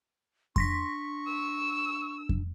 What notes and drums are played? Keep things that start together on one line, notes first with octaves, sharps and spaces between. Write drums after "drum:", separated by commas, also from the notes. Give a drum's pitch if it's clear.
D4 C6 C#6 A#6 B6, drum: kick F2
E6
drum: kick F2